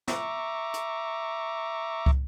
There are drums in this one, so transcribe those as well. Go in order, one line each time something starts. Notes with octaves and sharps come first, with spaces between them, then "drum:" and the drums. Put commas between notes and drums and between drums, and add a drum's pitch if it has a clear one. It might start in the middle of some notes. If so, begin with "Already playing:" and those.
E5 A#5 C#6 D6, drum: snare
drum: hi-hat
drum: kick